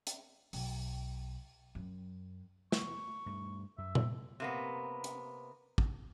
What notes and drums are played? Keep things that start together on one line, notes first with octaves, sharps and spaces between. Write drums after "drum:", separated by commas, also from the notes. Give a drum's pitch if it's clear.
drum: hi-hat
B1, drum: open hi-hat
F#2
C#6, drum: snare
G2 A3
F#2 E5
drum: tom A#2
C3 A#3 B3
drum: hi-hat
drum: kick